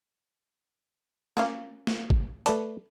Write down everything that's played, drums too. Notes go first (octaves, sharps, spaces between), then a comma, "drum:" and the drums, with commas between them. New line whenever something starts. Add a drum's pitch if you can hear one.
A#3 C#4 F5, drum: snare
drum: snare
drum: kick
A3 B4 D5 A5, drum: hi-hat